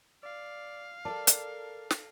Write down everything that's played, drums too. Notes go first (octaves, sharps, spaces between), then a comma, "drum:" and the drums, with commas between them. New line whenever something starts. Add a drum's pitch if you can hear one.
D5 F5
A4 A#4 D5 A5
drum: hi-hat
drum: snare